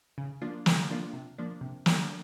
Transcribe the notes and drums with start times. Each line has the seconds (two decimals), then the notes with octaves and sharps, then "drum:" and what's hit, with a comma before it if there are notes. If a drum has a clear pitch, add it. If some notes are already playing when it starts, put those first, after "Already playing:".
0.18 C#3
0.42 F3 A#3 D4 F4
0.66 C#3, drum: snare
0.90 F3 A#3 D4 F4
1.13 C3
1.38 F3 A#3 D4
1.61 C3
1.86 F3 A#3 D4, drum: snare